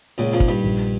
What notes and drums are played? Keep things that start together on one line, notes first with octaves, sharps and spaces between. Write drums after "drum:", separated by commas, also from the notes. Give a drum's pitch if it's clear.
C#2 A#2 C#3
F2 F3
D#4, drum: kick
G2 G3
A#1